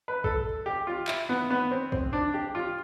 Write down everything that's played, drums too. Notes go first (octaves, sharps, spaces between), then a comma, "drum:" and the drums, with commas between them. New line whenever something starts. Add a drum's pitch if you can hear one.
B4
A4, drum: kick
G4
F4
E4, drum: clap
B3
B3
C4
C4, drum: kick
D4
G4
F4